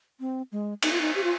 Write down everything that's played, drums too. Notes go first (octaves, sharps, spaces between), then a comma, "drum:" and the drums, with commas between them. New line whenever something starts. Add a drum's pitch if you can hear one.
C4
G#3
D#4, drum: cymbal
F4
D#4
G4
F4